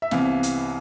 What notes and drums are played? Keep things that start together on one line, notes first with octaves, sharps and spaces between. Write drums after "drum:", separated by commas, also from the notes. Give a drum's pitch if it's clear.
E5
C2 C3 E3 B3 F5, drum: snare
drum: hi-hat